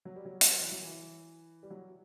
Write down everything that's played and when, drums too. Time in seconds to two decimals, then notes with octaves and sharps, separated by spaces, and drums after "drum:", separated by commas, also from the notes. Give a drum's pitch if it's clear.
0.05 F#3
0.16 G3
0.25 F#3
0.41 drum: hi-hat
0.61 E3
0.72 F#3
0.82 E3
1.63 G3
1.70 F#3